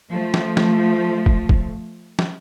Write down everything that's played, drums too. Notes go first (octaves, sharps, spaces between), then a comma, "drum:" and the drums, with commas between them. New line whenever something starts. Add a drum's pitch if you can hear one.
F3 A3
drum: snare
drum: snare
drum: kick
drum: kick
drum: snare